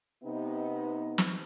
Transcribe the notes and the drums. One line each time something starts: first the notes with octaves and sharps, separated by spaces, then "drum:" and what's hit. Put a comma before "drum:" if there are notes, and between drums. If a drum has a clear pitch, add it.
C3 B3 D#4
drum: snare